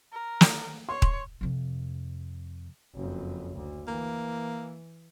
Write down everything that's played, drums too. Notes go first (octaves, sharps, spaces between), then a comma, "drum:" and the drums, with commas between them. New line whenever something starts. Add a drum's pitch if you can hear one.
A#4
drum: snare
C#5 C6
drum: kick D#1
F2 C3
F#1 F2
D2
E3 A#3